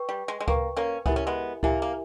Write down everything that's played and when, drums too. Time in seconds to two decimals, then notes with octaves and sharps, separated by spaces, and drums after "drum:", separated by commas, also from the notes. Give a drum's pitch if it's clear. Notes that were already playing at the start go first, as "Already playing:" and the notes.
Already playing: B4 G5 C#6
0.09 G3
0.28 G#3
0.40 G#3
0.48 A#3 B4 G5 C#6, drum: kick C#2
0.77 A#3 C#4
1.06 B3 E4 G4 A#4 E5 G#5, drum: kick C#2
1.16 C#4
1.27 G#3 B3
1.63 A#3 E4 G4 A#4 E5 G#5, drum: kick C#2
1.82 A#3